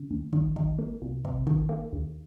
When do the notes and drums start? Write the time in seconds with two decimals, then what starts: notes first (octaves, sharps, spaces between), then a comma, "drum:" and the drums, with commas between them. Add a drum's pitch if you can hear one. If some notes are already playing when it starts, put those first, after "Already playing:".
Already playing: C#3
0.11 D#2
0.33 D#3, drum: kick
0.56 D#3, drum: kick
0.78 A#3
1.02 C2
1.25 C3, drum: kick
1.47 D#3, drum: kick
1.69 A#3
1.92 D#2